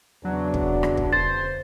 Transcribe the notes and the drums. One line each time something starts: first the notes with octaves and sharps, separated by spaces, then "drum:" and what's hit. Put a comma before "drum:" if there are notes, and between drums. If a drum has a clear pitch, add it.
E2 C#3 F#3 D4
drum: kick
drum: rim click
drum: kick
C5 A6